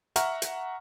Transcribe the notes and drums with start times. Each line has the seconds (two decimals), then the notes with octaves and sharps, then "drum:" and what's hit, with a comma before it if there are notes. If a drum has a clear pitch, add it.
0.16 E5 F#5 A#5 C#6 F6, drum: hi-hat
0.42 drum: hi-hat